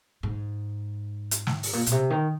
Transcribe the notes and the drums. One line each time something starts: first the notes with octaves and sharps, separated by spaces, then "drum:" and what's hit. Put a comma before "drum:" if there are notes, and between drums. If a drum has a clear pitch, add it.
G#2
drum: hi-hat
drum: snare
drum: open hi-hat
A#2
A#2, drum: hi-hat
C3
D#3